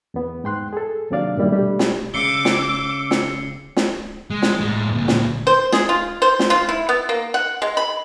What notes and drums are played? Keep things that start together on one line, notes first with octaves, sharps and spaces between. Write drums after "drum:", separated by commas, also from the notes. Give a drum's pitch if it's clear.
E2 B3
G#2 G5 C6 F#6
G#4 A4
D#2 C3 F#3 D4 D5 F5
G2 A#2 D#3 G3 E4
B2 G3 A3 D4 G4
drum: snare
C#3 G#3 D6 E6 C7 C#7 G7
drum: snare
drum: snare
drum: snare
G#3
drum: snare
A2 G#3
D2 A#2
drum: snare
C5
G#4, drum: snare
F4
C5
drum: snare
F4
E4
B3
A#3
F#5
G#3
B5